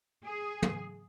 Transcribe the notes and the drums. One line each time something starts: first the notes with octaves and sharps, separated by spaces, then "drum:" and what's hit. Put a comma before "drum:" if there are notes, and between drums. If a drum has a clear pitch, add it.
G#4
drum: tom